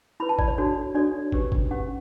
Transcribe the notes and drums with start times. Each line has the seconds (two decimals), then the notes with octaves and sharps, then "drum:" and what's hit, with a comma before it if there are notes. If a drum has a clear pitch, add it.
0.20 E4 B4 B5
0.29 A5
0.39 D5, drum: kick
0.48 C#5
0.58 D4 F#4 A4 C#5
0.95 D4 F#4 A4 C#5 D5
1.32 C#4 G4 B4, drum: kick
1.52 drum: kick
1.71 C#4 G4 B4 F#5